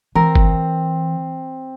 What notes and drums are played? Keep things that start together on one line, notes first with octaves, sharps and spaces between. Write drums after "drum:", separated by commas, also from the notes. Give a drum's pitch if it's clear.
E3 C4 A#4
drum: kick G1